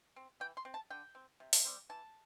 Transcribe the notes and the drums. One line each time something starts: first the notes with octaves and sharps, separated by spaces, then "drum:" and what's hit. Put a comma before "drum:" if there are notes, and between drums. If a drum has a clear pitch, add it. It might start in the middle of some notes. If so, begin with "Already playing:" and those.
C4
E3 G5
C6
C4
A5
D3 G5
C4
C3
drum: open hi-hat
G3 C4
E3 A5